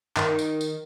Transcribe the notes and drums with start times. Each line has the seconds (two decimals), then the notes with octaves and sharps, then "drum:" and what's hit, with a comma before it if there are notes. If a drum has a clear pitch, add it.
0.16 D#3, drum: clap
0.39 drum: tambourine
0.61 drum: tambourine